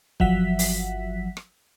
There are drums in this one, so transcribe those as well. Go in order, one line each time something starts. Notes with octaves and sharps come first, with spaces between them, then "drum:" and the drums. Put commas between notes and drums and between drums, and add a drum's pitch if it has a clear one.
G1 F3 F#3 E5 F#5 B6, drum: kick
drum: open hi-hat
drum: rim click